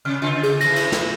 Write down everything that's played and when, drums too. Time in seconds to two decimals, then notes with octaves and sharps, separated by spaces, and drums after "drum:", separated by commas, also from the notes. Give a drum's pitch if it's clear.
0.05 C3 F6
0.22 C#3 F4
0.43 G#4, drum: cymbal
0.61 A2 E3 A#6, drum: cymbal
0.76 drum: cymbal
0.92 drum: snare